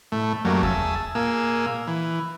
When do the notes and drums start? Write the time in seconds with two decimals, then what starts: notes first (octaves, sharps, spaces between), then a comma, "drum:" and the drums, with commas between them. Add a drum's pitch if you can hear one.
0.12 A2 A3
0.45 F#2 F#3 G3 A3 A#3
0.63 G#4 E5 A5, drum: kick E2
1.15 A#2 A#3 G#4 E6
1.87 E3